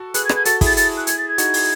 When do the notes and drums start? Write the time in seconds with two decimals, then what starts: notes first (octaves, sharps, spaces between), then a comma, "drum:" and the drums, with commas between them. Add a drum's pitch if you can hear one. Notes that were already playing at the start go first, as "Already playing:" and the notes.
Already playing: F#4 A4
0.14 G#4 B4 F#6, drum: hi-hat
0.25 G#6
0.29 G#4 B4, drum: rim click
0.35 G#6
0.45 F#4 A4 A6, drum: hi-hat
0.61 E4 G#4, drum: kick, open hi-hat
0.66 A6
0.77 A6, drum: hi-hat
0.97 F#6
1.07 G#6, drum: hi-hat
1.18 A6
1.29 G#6
1.38 D#4 F#4, drum: hi-hat
1.54 drum: open hi-hat